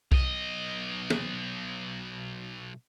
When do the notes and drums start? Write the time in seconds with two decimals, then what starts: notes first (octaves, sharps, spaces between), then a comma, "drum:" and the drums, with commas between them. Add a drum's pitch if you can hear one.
0.12 B1 D#5, drum: kick B1
1.10 drum: tom